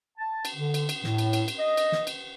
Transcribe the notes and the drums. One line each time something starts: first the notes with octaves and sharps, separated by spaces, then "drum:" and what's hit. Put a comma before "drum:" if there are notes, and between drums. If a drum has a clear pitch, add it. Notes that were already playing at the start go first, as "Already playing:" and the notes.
A5
drum: cymbal
D3
drum: cymbal
drum: cymbal
A2, drum: snare
drum: cymbal
drum: cymbal
drum: cymbal
D#5
drum: cymbal
drum: snare
drum: cymbal